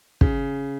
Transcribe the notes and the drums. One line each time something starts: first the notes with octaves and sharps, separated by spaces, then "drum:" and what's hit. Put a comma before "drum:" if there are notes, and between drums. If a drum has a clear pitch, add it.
C#3, drum: kick